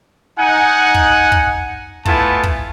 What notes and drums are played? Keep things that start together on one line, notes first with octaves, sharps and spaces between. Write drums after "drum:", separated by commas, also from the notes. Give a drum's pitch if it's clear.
D#4 F#5 G#5
drum: kick
drum: kick
A3 B3 E4 F4 G#5 A5, drum: kick
drum: kick